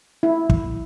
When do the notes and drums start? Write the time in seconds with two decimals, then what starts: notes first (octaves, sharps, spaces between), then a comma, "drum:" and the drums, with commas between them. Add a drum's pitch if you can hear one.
0.23 E4
0.50 drum: kick